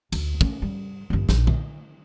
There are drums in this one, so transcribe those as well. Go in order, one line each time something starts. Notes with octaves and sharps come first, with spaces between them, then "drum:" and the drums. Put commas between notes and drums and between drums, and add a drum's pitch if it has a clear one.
D2, drum: cymbal
A3 C#4, drum: kick
G3
G1 D#2
A#1, drum: snare
E4, drum: tom D3